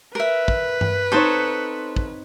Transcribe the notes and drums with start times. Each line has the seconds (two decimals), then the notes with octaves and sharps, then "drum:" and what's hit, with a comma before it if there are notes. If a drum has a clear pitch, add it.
0.15 A#4 B4 E5
0.48 drum: kick
0.81 drum: tom G2
1.12 C4 D#4 A4 C5 C#5
1.96 drum: kick